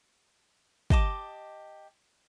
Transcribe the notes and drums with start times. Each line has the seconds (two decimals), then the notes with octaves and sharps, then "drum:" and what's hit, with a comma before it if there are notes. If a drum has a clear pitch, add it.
0.90 G4 D#5 A5 D6, drum: kick